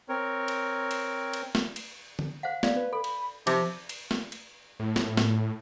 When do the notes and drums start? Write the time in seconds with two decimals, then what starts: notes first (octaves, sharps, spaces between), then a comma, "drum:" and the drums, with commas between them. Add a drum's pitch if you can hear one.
0.09 C4 A#4 C#5
0.48 drum: cymbal
0.91 drum: cymbal
1.33 drum: cymbal
1.55 drum: snare
1.76 drum: cymbal
2.19 drum: tom
2.43 C5 F5 F#5
2.63 B3 D5 F5, drum: snare
2.76 B4
2.93 A4 B5
3.04 drum: cymbal
3.47 C3 F3 D#4 A5, drum: cymbal
3.89 drum: cymbal
4.11 drum: snare
4.32 drum: cymbal
4.80 A2
4.96 drum: snare
5.17 drum: snare